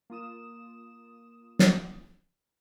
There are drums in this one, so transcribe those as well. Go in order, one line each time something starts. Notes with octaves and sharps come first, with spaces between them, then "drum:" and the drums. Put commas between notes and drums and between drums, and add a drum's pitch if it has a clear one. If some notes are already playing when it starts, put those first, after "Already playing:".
A#3 F4 D#6 E7
drum: snare